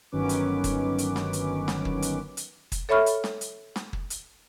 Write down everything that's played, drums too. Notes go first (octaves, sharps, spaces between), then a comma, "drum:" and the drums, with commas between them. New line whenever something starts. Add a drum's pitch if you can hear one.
G1 D#3 F#3 C#4 B4 D6
drum: hi-hat
drum: kick, hi-hat
drum: hi-hat
drum: snare
drum: hi-hat
drum: snare
drum: kick
drum: hi-hat
drum: hi-hat
drum: kick, hi-hat
A4 C#5 E5 B5 C#6 F6
drum: hi-hat
drum: snare
drum: hi-hat
drum: snare
drum: kick
drum: hi-hat